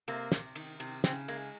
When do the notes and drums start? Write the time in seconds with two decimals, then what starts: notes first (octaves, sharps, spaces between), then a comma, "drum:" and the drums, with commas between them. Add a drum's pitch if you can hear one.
0.08 C3 A#3, drum: cymbal
0.32 C3, drum: snare
0.55 D#3, drum: cymbal
0.80 C3, drum: cymbal
1.04 C#3 C4, drum: snare
1.28 G#3 A#3, drum: cymbal